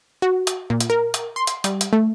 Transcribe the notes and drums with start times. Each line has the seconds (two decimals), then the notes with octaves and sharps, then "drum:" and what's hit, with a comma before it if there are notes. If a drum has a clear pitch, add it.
0.22 F#4
0.47 drum: hi-hat
0.70 A#2
0.80 drum: hi-hat
0.90 A#4
1.14 drum: hi-hat
1.36 C6
1.47 drum: hi-hat
1.64 G3, drum: hi-hat
1.81 drum: hi-hat
1.93 A3